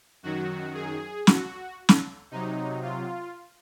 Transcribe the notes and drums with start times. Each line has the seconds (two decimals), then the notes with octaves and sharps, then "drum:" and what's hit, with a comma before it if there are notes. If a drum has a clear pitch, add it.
0.23 F#2 D#3 F#3 F#4
0.74 G#4
1.27 F#4, drum: snare
1.89 drum: snare
2.31 C3 F#3 D#4
2.82 F4